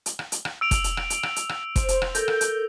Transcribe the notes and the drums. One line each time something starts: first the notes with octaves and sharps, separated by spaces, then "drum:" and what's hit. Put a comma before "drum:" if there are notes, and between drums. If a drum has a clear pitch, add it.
drum: hi-hat
drum: rim click
drum: hi-hat
drum: rim click
E6 D7 F7
drum: kick, hi-hat
drum: hi-hat
drum: rim click
drum: hi-hat
drum: rim click
drum: hi-hat
drum: rim click
C5, drum: kick, hi-hat
drum: hi-hat
drum: rim click
A4 A#4 G6, drum: hi-hat
drum: rim click
drum: hi-hat